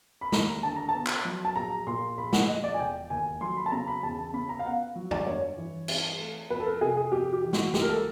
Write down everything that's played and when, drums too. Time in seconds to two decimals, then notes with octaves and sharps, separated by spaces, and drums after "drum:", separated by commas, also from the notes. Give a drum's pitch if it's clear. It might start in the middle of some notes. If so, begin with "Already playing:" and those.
0.21 B5
0.32 D#2 A#5, drum: snare
0.63 D3 A5
0.76 A#5
0.89 A5
0.94 B3
1.06 drum: clap
1.25 F#3
1.45 A5
1.56 A#1 A#5
1.87 A#2 C6
2.17 A#1 B5
2.33 F#5, drum: snare
2.48 F3 D#5
2.64 D5
2.74 G#5
2.79 E1 G5
3.10 D#2 G#5
3.41 F#3 C6
3.57 B5
3.66 A5
3.72 C#3 A#5
3.87 B5
4.03 E2 A5
4.19 A5
4.34 C#3 B5
4.49 A#5
4.59 F5
4.65 B3 F#5
4.96 F#3
5.11 D5, drum: tom F2
5.27 G2 C#5
5.57 E3
5.88 C4, drum: cymbal
6.19 A3
6.50 F2 B4
6.60 A4
6.66 A#4
6.81 C3 G#4
6.97 G#4
7.12 F2 G4
7.33 G4
7.43 E3
7.53 F#4, drum: snare
7.74 C#2 G4, drum: snare
7.82 A#4
7.89 A4